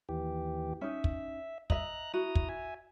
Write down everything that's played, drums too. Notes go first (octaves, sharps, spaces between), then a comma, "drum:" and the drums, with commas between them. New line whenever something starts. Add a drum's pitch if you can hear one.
D#2 E3 G4
C#4 D#4 E5
drum: kick
D#5 E5 A#5 F#6, drum: kick
E4 F#4 A#5 D#6
drum: kick
E5 G#5